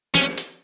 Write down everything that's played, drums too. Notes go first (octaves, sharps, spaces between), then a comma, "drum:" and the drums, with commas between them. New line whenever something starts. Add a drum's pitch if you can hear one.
C#4, drum: snare
drum: hi-hat